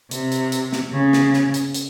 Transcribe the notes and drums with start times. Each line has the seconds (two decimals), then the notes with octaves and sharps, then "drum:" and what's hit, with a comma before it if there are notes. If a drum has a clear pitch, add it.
0.11 C3, drum: hi-hat
0.32 drum: hi-hat
0.52 drum: hi-hat
0.73 drum: snare
0.92 C#3
1.13 drum: snare
1.34 drum: snare
1.54 drum: hi-hat
1.74 drum: hi-hat